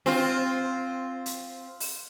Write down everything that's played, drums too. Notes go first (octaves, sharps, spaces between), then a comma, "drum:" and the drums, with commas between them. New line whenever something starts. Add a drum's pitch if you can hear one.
C4 F4, drum: snare
drum: hi-hat
drum: open hi-hat